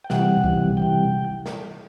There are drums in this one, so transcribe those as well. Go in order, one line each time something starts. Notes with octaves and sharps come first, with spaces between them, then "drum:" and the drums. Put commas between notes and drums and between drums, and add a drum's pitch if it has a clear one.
G5
C3 E3 G3 F#5, drum: snare
C3 E3 G3, drum: kick C2
C3 E3 G3 G5
drum: snare